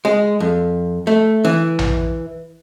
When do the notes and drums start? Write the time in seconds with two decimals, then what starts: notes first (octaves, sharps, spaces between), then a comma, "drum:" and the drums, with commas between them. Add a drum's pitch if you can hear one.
0.05 G#3
0.40 F2
1.07 A3
1.45 E3
1.79 drum: tom A#1